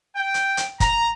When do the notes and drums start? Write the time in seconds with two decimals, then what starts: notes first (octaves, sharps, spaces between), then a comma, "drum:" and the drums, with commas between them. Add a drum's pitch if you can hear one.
0.15 G5
0.34 drum: hi-hat
0.57 drum: hi-hat
0.80 A#5, drum: kick, hi-hat